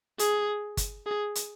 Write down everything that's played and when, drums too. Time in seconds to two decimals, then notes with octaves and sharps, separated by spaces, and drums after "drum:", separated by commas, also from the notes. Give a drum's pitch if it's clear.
0.19 G#4, drum: hi-hat
0.77 drum: kick G1, hi-hat
1.06 G#4
1.35 drum: hi-hat